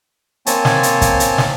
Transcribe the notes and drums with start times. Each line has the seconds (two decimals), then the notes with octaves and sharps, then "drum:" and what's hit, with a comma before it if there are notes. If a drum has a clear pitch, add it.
0.46 A#3 C4 C#5 G#5 A5, drum: hi-hat
0.65 drum: snare
0.83 drum: hi-hat
1.01 drum: kick, hi-hat
1.20 drum: hi-hat
1.38 drum: snare